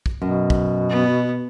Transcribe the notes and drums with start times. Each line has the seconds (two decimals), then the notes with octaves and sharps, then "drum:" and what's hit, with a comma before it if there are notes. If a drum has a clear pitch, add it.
0.06 drum: kick
0.22 F#2 B2
0.50 drum: kick
0.89 B3